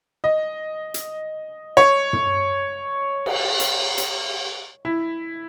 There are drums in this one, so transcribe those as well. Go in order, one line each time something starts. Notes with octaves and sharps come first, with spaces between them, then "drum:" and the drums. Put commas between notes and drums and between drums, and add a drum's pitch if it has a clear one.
D#5
drum: hi-hat
C#5
drum: tom
drum: cymbal
drum: hi-hat
drum: hi-hat
E4